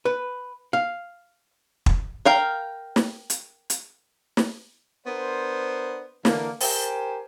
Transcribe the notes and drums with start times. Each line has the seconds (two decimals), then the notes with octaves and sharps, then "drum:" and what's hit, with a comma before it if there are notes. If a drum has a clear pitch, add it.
0.05 B4
0.73 F5
1.86 drum: kick
2.25 A#4 F5 G5
2.96 drum: snare
3.30 drum: hi-hat
3.70 drum: hi-hat
4.37 drum: snare
5.07 B3 D4 A#4 C5
6.25 D3 E3 A#3, drum: snare
6.60 G4 A#4 C5 G5 G#5, drum: open hi-hat